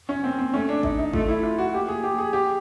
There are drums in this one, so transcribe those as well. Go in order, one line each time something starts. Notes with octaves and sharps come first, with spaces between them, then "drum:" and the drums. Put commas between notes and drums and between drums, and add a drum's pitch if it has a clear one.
C#4
A#3 C4
C4
A3 C#4
D4
D#4, drum: kick G1
D#4
A3 F4, drum: kick G1
E4
F4
F#4
A#3 G4
G#4
G4
G#4
G4